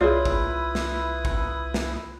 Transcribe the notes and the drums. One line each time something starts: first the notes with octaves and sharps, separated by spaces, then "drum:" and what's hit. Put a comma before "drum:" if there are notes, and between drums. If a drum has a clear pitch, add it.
C2 E4 F4 G#4 B4 C#5 D5 D#6
drum: kick
drum: snare
drum: kick
drum: snare